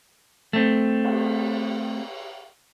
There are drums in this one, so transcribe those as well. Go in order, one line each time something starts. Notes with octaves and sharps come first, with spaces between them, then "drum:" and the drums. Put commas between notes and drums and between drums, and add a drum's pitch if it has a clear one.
A3 C4
drum: cymbal